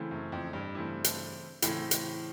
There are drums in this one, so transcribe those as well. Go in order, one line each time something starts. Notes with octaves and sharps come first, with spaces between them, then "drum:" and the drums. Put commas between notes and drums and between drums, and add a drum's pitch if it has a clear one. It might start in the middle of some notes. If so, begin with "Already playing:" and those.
Already playing: C#3 E3 A3 C4 E4
F#2
F2
G2
C#3 E3 A3 C4 E4
drum: hi-hat
A2 C#3 E3 A3 C4 E4, drum: hi-hat
drum: hi-hat